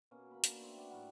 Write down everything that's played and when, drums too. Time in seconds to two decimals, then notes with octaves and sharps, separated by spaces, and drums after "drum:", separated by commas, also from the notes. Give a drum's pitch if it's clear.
0.11 B2 A#3 C#4
0.31 A#3 B5
0.44 D4, drum: hi-hat
0.60 A3 C4
0.77 F#4 B4 D5 F#5
0.91 A2 G3 A#4 F#5